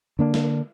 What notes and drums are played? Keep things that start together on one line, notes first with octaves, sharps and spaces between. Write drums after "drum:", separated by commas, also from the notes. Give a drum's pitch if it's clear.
D3 A#3 D4
drum: snare